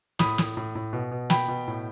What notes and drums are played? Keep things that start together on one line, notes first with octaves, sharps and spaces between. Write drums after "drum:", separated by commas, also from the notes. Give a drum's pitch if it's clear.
A2 B5 D#6, drum: snare
A2, drum: snare
A2
A2
B2
B2
B2 G5 B5, drum: snare
B2
A2